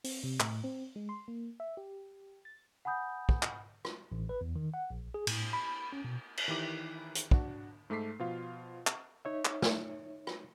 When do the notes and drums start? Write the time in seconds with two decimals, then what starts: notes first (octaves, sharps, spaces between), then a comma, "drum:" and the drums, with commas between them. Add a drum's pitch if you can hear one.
0.04 C4, drum: open hi-hat
0.23 C3
0.40 A2, drum: clap
0.64 C4
0.96 G#3
1.09 C6
1.28 A#3
1.60 E5
1.77 G4
2.45 A6
2.85 F#5 G#5 B5 D#6 G6
3.29 drum: kick
3.43 drum: clap
3.85 drum: rim click
4.12 A1
4.29 B4
4.41 E2
4.56 D#3
4.74 F#5
4.90 A#1
5.14 G#4
5.27 A2, drum: cymbal
5.53 B5
5.93 C#4
6.04 B2
6.37 drum: cymbal
6.48 D#3 E3 E4 G4 D6
7.15 drum: hi-hat
7.31 D4 F#4, drum: kick
7.90 G#2 A3 A4 D6 B6 C7
8.19 B2 F3 F4 F5
8.87 drum: clap
9.25 D#4 C#5 E5
9.45 drum: clap
9.62 drum: snare
10.27 drum: rim click